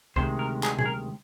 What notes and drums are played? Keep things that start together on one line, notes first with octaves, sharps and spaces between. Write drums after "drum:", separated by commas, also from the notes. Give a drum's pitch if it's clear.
D2 C3 D#3 G#3 C5, drum: kick C2
A#4
G#4, drum: clap
G#4, drum: tom A#2
A#4